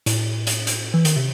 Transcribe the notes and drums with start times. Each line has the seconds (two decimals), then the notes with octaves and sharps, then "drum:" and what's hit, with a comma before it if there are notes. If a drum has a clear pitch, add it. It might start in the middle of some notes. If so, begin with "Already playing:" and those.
0.06 A2, drum: hi-hat
0.47 drum: hi-hat
0.67 drum: hi-hat
0.94 E3
1.05 D#3, drum: hi-hat
1.16 C3